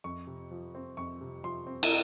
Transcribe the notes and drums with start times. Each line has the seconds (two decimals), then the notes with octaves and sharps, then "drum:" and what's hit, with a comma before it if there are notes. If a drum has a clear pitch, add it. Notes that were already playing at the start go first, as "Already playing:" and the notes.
0.04 F2 C#6
0.27 C3
0.51 F3
0.75 C4
0.97 F2 C#6
1.21 C3
1.44 F3 C6
1.67 C4
1.83 drum: cymbal